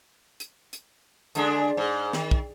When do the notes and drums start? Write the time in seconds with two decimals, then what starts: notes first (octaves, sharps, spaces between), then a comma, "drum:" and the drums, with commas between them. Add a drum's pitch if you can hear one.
0.40 drum: hi-hat
0.73 drum: hi-hat
1.35 D3 G#3 D4, drum: hi-hat
1.77 G#2
2.13 D#3, drum: snare
2.31 drum: kick